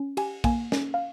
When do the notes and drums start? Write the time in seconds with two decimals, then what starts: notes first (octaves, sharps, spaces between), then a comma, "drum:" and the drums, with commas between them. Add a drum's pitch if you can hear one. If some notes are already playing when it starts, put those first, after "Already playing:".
Already playing: C#4
0.17 G4 G#5, drum: cymbal
0.44 A#3 G#5, drum: kick, cymbal
0.72 C#4, drum: snare
0.94 F5